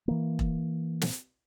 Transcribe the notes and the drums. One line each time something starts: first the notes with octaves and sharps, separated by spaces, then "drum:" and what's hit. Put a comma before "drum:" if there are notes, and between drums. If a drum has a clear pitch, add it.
E3 A#3
drum: kick E1
drum: snare